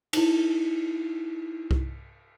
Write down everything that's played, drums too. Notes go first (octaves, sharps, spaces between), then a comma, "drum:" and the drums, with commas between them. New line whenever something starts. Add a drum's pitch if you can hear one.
D#4 E4, drum: cymbal
drum: kick C2